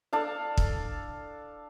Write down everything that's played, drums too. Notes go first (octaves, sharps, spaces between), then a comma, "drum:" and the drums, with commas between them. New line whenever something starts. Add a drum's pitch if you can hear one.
D4 A4 F5
drum: kick